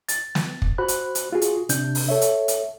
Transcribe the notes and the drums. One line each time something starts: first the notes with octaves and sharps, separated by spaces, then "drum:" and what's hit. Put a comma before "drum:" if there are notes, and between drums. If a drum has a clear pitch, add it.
A6, drum: hi-hat
drum: snare
drum: kick
F#4 C5 B5 F#6
drum: hi-hat
drum: hi-hat
F4 F#4 G#4
drum: hi-hat
C3 D4 G6, drum: hi-hat
drum: open hi-hat
A4 C#5 E5
drum: hi-hat
drum: hi-hat